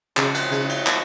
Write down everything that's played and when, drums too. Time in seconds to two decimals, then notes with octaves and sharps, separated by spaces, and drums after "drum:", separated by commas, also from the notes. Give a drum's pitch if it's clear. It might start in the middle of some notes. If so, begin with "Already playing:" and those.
0.17 C#3 F3 G#3 C4 D#4 F#4, drum: clap
0.35 drum: cymbal
0.52 C#3, drum: cymbal
0.69 drum: cymbal
0.87 drum: clap